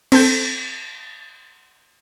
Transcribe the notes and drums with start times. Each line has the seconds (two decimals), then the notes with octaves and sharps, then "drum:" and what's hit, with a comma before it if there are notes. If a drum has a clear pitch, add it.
0.12 C4 A4 G6, drum: cymbal